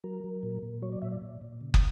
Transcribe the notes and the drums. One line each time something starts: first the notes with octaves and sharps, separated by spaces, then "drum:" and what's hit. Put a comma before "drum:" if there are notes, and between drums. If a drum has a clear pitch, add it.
F#3 A#4
F#3
A#2
A#2
F#3 C#5
D5
A#2 E5
D5
A#2
A#2
C#3
drum: kick